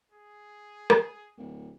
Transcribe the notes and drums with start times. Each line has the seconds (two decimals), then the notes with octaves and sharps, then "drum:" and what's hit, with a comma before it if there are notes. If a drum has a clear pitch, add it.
0.12 G#4
0.90 drum: rim click
1.37 D1